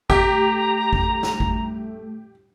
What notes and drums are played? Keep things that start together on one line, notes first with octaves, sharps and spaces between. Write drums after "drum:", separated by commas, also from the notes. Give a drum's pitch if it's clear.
A3 G4 A#5, drum: kick G#1
drum: kick G#1
drum: snare
drum: kick G#1